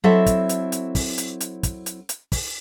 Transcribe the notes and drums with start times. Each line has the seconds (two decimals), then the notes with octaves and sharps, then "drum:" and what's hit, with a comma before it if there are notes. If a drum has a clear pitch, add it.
0.04 F#3 C4 E4 A4 D#5 E5
0.26 drum: kick, hi-hat
0.49 drum: hi-hat
0.72 drum: hi-hat
0.95 drum: kick, open hi-hat
1.18 drum: hi-hat
1.40 drum: hi-hat
1.63 drum: kick, hi-hat
1.86 drum: hi-hat
2.09 drum: hi-hat
2.32 drum: kick, open hi-hat